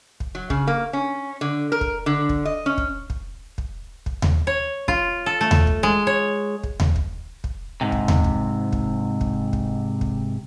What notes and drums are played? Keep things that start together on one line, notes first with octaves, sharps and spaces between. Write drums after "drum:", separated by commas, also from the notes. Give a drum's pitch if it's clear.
drum: kick
F#3
C#3, drum: kick
A#3
C#4
D3
A#4
drum: kick
D3
drum: kick
D#5
C#4
drum: kick
drum: kick
drum: kick
drum: kick
drum: tom D#2
C#5
F4, drum: kick
A4
A3
drum: tom D#2
drum: kick
G#3
C#5
drum: kick
drum: tom D#2
drum: kick
drum: kick
G#2 C3
drum: kick
drum: tom D#2
drum: kick
drum: kick
drum: kick
drum: kick
drum: kick